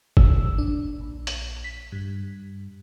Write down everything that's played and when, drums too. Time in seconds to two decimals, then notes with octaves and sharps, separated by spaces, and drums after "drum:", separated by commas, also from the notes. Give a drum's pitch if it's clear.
0.17 E6, drum: kick F#1
0.58 D4
1.01 A#1
1.27 drum: hi-hat
1.64 B6
1.92 G2